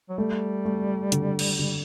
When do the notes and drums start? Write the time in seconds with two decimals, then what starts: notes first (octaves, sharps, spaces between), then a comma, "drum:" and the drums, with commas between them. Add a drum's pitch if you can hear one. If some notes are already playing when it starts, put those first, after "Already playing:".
0.09 F#3
0.18 G3 A3
0.65 A3
1.12 D3, drum: hi-hat
1.39 drum: cymbal
1.59 D3